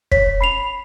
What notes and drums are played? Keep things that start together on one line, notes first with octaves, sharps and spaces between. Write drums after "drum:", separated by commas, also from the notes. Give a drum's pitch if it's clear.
C#5 B6, drum: kick
B5 C7 F7